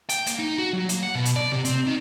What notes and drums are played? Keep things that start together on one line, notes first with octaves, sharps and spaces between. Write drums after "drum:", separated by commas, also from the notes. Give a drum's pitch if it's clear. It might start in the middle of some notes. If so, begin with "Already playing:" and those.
G5, drum: hi-hat
A#3, drum: hi-hat
D#4
F#4
F#3
A#3, drum: hi-hat
F#5
B2
drum: hi-hat
D5
C3
C4, drum: hi-hat
D#3